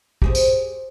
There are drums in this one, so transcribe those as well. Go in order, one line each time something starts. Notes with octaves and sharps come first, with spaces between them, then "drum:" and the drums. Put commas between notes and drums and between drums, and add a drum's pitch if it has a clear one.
G4 G#4 C5, drum: kick
drum: tambourine